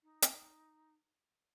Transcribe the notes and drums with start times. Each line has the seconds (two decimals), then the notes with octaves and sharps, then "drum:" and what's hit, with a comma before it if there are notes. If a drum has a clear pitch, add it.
0.03 D#4
0.22 drum: hi-hat